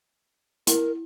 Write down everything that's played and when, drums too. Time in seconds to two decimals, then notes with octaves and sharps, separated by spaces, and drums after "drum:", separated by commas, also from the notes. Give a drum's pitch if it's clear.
0.67 E4 A#4, drum: hi-hat